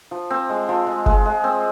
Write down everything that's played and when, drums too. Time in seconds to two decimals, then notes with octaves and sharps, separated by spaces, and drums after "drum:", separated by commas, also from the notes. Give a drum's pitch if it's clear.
0.11 F3
0.30 C4
0.49 G#3
0.69 F3
0.87 G#3
1.06 G#3, drum: kick F#1
1.26 G#3
1.44 C4